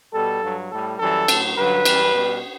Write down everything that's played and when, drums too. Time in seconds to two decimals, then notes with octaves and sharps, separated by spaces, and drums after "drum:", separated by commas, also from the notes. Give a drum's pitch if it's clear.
0.14 B2 G3 A4
0.43 G2 F#3
0.71 A2 G3 A4
0.99 F#2 E3 G3 A4
1.28 A2 F#3, drum: cymbal
1.57 G2 D3 F#3 B4
1.85 F#2 E3 G3, drum: cymbal
2.14 B2 G3